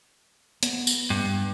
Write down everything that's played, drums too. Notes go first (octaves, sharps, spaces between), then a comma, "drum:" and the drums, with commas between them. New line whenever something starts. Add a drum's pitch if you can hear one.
B3, drum: hi-hat
drum: tambourine
G2